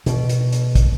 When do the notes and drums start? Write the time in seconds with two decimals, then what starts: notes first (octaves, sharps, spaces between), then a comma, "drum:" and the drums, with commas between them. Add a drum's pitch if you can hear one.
0.06 B2, drum: hi-hat
0.29 drum: hi-hat
0.52 drum: hi-hat
0.75 drum: kick, hi-hat